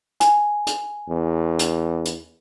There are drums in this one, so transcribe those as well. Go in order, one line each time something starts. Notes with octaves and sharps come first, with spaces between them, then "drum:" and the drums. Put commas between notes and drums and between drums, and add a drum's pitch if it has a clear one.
G#5, drum: hi-hat
drum: hi-hat
E2
drum: hi-hat
drum: hi-hat